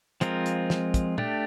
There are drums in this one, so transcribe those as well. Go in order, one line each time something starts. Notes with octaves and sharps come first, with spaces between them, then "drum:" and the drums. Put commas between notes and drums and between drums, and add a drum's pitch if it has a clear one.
F3 G#3 C4 F4 A#4, drum: hi-hat
drum: hi-hat
drum: snare
drum: kick, hi-hat
A3 D4 G4, drum: tom